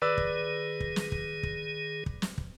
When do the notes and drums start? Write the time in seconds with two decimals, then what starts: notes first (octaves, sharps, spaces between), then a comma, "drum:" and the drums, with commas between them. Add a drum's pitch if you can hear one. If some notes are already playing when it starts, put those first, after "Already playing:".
0.02 D#3 G#4 B4 D5 E6
0.18 drum: kick
0.80 drum: kick
0.96 drum: snare
1.12 drum: kick
1.43 drum: kick
2.06 drum: kick
2.22 drum: snare
2.38 drum: kick